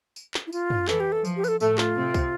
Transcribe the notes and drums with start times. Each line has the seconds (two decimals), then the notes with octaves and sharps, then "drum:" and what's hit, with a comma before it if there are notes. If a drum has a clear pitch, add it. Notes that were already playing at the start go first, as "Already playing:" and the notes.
0.16 drum: tambourine
0.34 drum: clap
0.47 E4
0.52 F4, drum: tambourine
0.70 drum: tom
0.88 E3 A4, drum: clap
1.00 G4
1.12 A4
1.25 F3, drum: tambourine
1.37 G4
1.44 B4, drum: tambourine
1.48 A4
1.60 A2 A3 A4, drum: tambourine
1.78 F4, drum: clap
1.96 C3 C4
2.14 drum: kick, tambourine